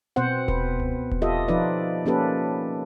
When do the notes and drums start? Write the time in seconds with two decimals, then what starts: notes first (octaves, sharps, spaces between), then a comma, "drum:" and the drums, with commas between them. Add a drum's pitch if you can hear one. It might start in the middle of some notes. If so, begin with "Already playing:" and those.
0.16 B2 B3 C4 C5 F#5
0.48 B4, drum: kick D#1
0.80 drum: tom C#2
1.11 drum: kick D#1
1.22 F4 G4 A4 D#5 E5
1.48 F3 D#4 F4 B4 D5
2.06 A#3 C#4 G4 A4 B4